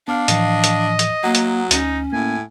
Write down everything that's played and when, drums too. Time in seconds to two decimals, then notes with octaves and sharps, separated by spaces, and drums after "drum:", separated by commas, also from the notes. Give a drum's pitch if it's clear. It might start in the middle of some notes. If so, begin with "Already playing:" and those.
0.08 B3 D4 F5 D6 F6
0.28 A2 E3 F3 D#5, drum: hi-hat
0.64 drum: hi-hat
0.99 drum: hi-hat
1.24 F#3 A#3 F#5 A#5 D#6
1.35 drum: hi-hat
1.71 D2 C#4 D#4, drum: hi-hat
2.13 A2 A#3 G#5